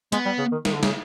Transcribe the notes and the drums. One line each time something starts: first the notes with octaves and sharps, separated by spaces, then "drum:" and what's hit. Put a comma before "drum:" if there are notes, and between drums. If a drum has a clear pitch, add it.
G#3 B3, drum: hi-hat
G3
C#3
D#3
D#3, drum: snare
D3
C#3, drum: snare